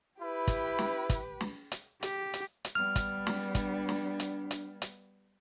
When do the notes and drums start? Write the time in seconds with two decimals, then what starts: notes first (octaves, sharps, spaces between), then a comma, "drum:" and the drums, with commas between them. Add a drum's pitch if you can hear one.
0.22 E4 G4 B4
0.48 drum: kick, hi-hat
0.79 drum: snare
1.10 drum: kick, hi-hat
1.41 drum: snare
1.72 drum: hi-hat
2.03 G4, drum: hi-hat
2.34 drum: hi-hat
2.65 drum: hi-hat
2.75 G3 B3 F6
2.96 drum: kick, hi-hat
3.27 drum: snare
3.55 D4, drum: kick, hi-hat
3.89 drum: snare
4.20 drum: hi-hat
4.51 drum: hi-hat
4.82 drum: hi-hat